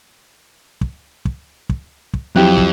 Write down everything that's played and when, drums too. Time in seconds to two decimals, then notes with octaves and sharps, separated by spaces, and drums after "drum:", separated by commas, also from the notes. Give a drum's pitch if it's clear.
0.81 drum: kick
1.25 drum: kick
1.69 drum: kick
2.14 drum: kick
2.36 F2 F#3 E4 G4 F#6
2.58 drum: kick